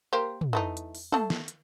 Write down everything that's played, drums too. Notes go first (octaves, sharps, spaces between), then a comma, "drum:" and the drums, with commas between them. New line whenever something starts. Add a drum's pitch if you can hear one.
A#3 G4 C5
drum: tom
E3 A3 D#4
drum: hi-hat
drum: open hi-hat
A3 A4, drum: tom
drum: snare
drum: hi-hat